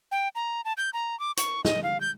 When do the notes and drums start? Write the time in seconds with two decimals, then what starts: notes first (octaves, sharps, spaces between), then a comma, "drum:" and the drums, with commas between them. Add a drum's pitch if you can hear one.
0.12 G5
0.35 A#5
0.65 A5
0.77 G6
0.93 A#5
1.20 D6
1.37 C#6, drum: hi-hat
1.65 D#5, drum: snare
1.83 F5
2.01 G6